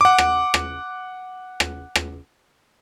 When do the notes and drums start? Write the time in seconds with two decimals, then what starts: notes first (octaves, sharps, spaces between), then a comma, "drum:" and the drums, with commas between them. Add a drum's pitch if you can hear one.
0.01 F#5 D6
0.18 drum: rim click
0.54 drum: rim click
1.60 drum: rim click
1.95 drum: rim click